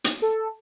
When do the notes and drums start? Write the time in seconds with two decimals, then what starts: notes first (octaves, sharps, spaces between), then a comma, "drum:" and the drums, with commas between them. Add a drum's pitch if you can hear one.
0.04 drum: hi-hat
0.22 A4